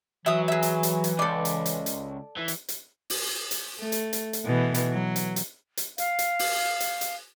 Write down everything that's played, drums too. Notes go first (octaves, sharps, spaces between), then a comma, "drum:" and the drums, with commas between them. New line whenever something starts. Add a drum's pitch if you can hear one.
E3 F#3 E5 D#6
G#4 E5
drum: hi-hat
drum: hi-hat
drum: hi-hat
C#2 A4 D5
drum: hi-hat
drum: hi-hat
drum: hi-hat
E3
drum: hi-hat
drum: hi-hat
drum: open hi-hat
drum: hi-hat
A3
drum: hi-hat
drum: hi-hat
drum: hi-hat
B2 E3
drum: hi-hat
F#3
drum: hi-hat
drum: hi-hat
drum: hi-hat
F5, drum: hi-hat
drum: hi-hat
drum: open hi-hat
drum: hi-hat
drum: hi-hat